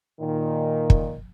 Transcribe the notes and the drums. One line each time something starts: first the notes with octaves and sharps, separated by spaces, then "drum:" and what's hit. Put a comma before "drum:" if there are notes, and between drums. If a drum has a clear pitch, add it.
A#2 D#3
drum: kick